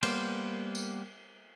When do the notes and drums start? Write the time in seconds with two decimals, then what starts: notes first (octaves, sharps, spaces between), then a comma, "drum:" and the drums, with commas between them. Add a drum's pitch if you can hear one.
0.03 G3 A#3 B3 C5, drum: cymbal
0.75 drum: tambourine